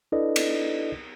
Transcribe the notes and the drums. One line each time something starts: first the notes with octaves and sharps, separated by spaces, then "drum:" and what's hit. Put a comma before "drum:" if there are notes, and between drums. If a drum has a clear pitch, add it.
D4 E4 A4 B4 D5 D#5
drum: cymbal